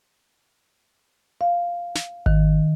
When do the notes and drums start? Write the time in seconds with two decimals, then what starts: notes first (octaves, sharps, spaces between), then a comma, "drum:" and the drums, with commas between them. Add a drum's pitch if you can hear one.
1.41 F5
1.95 drum: snare
2.26 D#3, drum: kick G#1